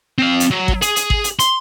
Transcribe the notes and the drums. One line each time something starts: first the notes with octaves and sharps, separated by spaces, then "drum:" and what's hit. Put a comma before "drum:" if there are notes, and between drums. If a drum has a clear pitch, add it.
C4 F5
drum: hi-hat
F#3
drum: kick G#1
G#4, drum: hi-hat
drum: hi-hat
drum: kick G#1
drum: hi-hat
C6, drum: hi-hat